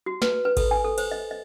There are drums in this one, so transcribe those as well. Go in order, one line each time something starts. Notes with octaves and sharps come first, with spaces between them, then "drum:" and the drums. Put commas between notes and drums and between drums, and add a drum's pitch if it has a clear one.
F#4
B4, drum: snare
B4
A4, drum: kick G#1, cymbal
G#5
A4
C5, drum: cymbal
D#5
D#5